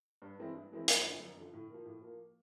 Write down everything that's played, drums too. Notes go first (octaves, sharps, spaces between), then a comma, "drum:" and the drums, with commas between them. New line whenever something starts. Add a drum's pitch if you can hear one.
G2
E3 G#3 C4 E4
G2
E3 G#3 C4 E4
F#2, drum: hi-hat
D3 F3
F#2
D3 F3
A2
F3 A#3
A2
F3 A#3